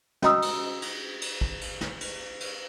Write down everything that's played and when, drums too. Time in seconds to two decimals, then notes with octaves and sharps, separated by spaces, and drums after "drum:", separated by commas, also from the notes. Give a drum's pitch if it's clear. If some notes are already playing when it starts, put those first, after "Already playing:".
0.22 C#4 F#4 D#5 A#5 D#6 E6, drum: snare
0.42 drum: cymbal
0.82 drum: cymbal
1.21 drum: cymbal
1.41 drum: kick
1.61 drum: cymbal
1.81 drum: snare
2.01 drum: cymbal
2.40 drum: cymbal